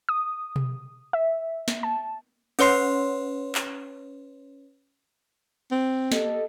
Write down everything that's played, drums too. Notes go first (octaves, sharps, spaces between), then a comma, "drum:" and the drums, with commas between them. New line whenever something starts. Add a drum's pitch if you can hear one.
D#6
drum: tom B2
E5
drum: snare
A5
C#4 B4 C#5 C6 C7, drum: cymbal
drum: clap
C4
G4 A4 D#5, drum: snare